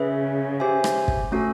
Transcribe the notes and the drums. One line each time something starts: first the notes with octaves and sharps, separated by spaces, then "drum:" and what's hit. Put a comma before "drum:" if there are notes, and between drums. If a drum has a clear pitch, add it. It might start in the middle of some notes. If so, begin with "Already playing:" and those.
Already playing: C#3 G#4 B4 E5
G4 C5 E5 G#5
drum: rim click
drum: kick
A3 C#4 F#4 A4